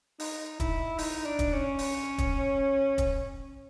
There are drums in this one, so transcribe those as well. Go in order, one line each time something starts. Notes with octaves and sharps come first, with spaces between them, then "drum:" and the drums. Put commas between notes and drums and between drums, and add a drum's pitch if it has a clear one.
D#4, drum: open hi-hat
E4, drum: kick, hi-hat
D#4, drum: open hi-hat
D4
drum: kick, hi-hat
C#4
drum: open hi-hat
drum: kick, hi-hat
drum: kick, hi-hat